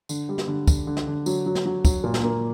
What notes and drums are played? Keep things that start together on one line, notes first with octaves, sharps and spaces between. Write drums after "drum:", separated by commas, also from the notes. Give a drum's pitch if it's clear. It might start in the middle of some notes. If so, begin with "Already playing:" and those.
D3, drum: tambourine
G3
drum: snare
D3
D3, drum: kick, tambourine
D3
drum: snare
D3
F#3, drum: tambourine
F#3
drum: snare
F#3
F#3, drum: kick, tambourine
A#2
drum: snare
A#3